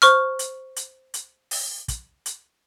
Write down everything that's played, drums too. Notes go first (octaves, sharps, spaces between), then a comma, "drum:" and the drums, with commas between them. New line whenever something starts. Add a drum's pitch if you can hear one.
C5 C#6 F6, drum: hi-hat
drum: hi-hat
drum: hi-hat
drum: hi-hat
drum: open hi-hat
drum: kick, hi-hat
drum: hi-hat